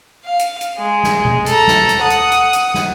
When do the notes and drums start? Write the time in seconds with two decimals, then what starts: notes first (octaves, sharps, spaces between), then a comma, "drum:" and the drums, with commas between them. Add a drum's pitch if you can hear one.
0.25 F5
0.39 drum: hi-hat
0.61 drum: hi-hat
0.78 G#3
1.03 drum: snare
1.25 drum: tom B2
1.46 A4 A#5, drum: hi-hat
1.68 drum: snare
1.89 drum: hi-hat
2.01 F#5 D#6
2.10 drum: hi-hat
2.32 drum: hi-hat
2.53 drum: hi-hat
2.74 drum: snare